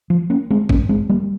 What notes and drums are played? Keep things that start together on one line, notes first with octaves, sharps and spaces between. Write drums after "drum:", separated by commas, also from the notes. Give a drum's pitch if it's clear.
F3
A#3 C#4
G#3 C4
G2 A#3 C#4, drum: kick G#1
G#3 C4
G3 A#3